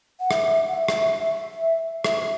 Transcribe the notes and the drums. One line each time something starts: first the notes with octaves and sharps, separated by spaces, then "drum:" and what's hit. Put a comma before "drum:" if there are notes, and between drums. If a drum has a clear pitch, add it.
F#5
E5, drum: rim click
F#5
E5
drum: rim click
E5
E5, drum: rim click